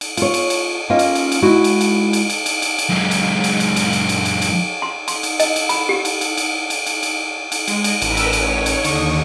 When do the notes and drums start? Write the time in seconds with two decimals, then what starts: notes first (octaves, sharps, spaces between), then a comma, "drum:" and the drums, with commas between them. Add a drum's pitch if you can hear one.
0.01 drum: cymbal
0.17 F4 C#5, drum: cymbal
0.34 drum: cymbal
0.50 drum: cymbal
0.90 A#3 C#4 F4 D#5 F5
0.99 drum: cymbal
1.15 drum: cymbal
1.32 drum: cymbal
1.42 G#3 E4 F#4
1.64 drum: cymbal
1.81 drum: cymbal
2.13 drum: cymbal
2.30 drum: cymbal
2.46 drum: cymbal
2.62 drum: cymbal
2.79 drum: cymbal
2.89 F#2 G#3
3.11 drum: cymbal
3.44 drum: cymbal
3.60 drum: cymbal
3.76 drum: cymbal
3.93 drum: cymbal
4.09 drum: cymbal
4.25 drum: cymbal
4.42 drum: cymbal
4.82 C6
5.08 C6, drum: cymbal
5.23 drum: cymbal
5.40 D#5, drum: cymbal
5.56 drum: cymbal
5.69 B5, drum: cymbal
5.89 G4
6.05 drum: cymbal
6.21 drum: cymbal
6.38 drum: cymbal
6.70 drum: cymbal
6.86 drum: cymbal
7.03 drum: cymbal
7.52 drum: cymbal
7.68 G#3, drum: cymbal
7.84 drum: cymbal
8.02 A1 A#4 B4 E6, drum: cymbal
8.17 drum: cymbal
8.33 C#5, drum: cymbal
8.66 drum: cymbal
8.84 D#2 D3 C#6 D#6, drum: cymbal